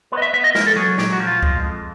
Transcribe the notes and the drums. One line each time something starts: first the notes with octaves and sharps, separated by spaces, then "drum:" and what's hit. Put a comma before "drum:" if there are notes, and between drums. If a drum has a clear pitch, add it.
B3 B4
D#5
E5
B3 E5
D#5
A#3 A#4, drum: snare
A4
F#3 G#4
A#2 G4, drum: snare
F#4
F3
F4
G#3, drum: kick C#2
F2